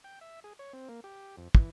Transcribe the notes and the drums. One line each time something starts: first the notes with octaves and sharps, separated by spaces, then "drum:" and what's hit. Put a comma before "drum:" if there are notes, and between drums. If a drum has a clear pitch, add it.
G5
E5
G#4
C#5
C4
A#3
G4
F2
E3, drum: kick